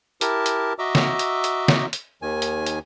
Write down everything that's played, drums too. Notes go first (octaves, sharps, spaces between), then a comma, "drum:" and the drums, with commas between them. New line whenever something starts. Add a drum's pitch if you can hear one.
E4 G4 A#4 A5, drum: hi-hat
drum: hi-hat
F#4 D#5 E5 A#5 D6 E6
drum: snare
drum: hi-hat
drum: hi-hat
drum: snare
drum: hi-hat
D#2 D#3 G#5
drum: hi-hat
drum: hi-hat